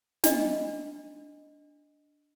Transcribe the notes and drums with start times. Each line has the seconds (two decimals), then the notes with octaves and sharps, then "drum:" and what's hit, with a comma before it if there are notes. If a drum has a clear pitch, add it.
0.24 D4 D#5, drum: snare